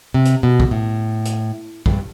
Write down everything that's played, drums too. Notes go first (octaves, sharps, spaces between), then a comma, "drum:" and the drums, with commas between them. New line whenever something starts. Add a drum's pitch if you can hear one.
C3
drum: hi-hat
B2
drum: kick
A2
drum: hi-hat
G2, drum: kick